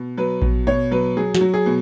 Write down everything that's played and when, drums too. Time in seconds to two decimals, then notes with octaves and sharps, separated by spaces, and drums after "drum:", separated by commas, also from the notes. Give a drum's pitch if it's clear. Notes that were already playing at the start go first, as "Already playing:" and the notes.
Already playing: B2
0.17 F#3 B4
0.42 B2, drum: kick A#1
0.67 B2 C#5
0.91 F#3 B4
1.17 F#3 G#4
1.35 F#4, drum: snare
1.41 F#3
1.54 G#4
1.66 B2